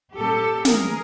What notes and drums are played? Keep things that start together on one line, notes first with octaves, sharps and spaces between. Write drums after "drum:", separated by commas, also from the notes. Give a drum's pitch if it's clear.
A#2 G3 A#3 C#4 G4 A4
E3 A3 D4 G#4 A#4, drum: snare